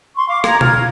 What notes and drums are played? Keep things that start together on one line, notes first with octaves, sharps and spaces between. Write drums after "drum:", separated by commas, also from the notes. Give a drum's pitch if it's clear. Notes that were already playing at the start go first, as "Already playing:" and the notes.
C6 C#6
F5 D6
A#5 G#6, drum: rim click
F4 G#6, drum: tom B2